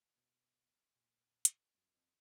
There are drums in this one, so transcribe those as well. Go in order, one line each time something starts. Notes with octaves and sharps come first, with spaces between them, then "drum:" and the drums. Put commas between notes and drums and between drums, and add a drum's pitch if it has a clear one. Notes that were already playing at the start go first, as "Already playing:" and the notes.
B2
A#2
drum: hi-hat
F#2
F2